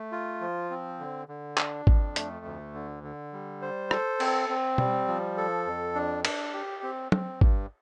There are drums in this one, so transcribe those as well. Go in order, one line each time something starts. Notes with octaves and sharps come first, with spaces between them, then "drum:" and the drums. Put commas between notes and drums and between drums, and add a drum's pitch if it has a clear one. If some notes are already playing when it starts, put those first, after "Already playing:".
Already playing: A3
F4
F3
C4
D3
D3
D4, drum: clap
F2, drum: kick
A3, drum: hi-hat
D2
D3
D3
G3
C5
A4, drum: rim click
C4, drum: cymbal
C4
G3, drum: tom B2
F3
A4
F2
D4
D4, drum: cymbal
G4
C4
C4, drum: tom
G2, drum: kick